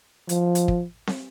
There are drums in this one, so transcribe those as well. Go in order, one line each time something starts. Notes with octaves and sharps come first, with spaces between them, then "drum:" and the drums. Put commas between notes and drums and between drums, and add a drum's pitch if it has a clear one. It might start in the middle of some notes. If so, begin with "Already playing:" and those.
F3, drum: hi-hat
drum: hi-hat
drum: kick
drum: snare C4